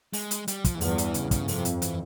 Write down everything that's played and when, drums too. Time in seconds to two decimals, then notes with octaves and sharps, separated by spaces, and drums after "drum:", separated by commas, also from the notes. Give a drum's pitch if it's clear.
0.13 G#3, drum: open hi-hat
0.31 drum: hi-hat
0.48 G3, drum: hi-hat
0.64 F3, drum: kick, hi-hat
0.75 E3
0.81 E2 G2 F3, drum: open hi-hat
0.98 E3, drum: hi-hat
1.14 C#3, drum: hi-hat
1.31 C#3, drum: kick, hi-hat
1.48 F2 C3, drum: open hi-hat
1.65 drum: hi-hat
1.82 E3, drum: hi-hat